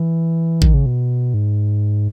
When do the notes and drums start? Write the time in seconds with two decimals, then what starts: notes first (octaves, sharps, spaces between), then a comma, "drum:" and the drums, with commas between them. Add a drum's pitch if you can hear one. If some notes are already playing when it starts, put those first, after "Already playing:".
Already playing: E3
0.62 D#3, drum: kick A1
0.74 C#3
0.86 B2
1.34 G#2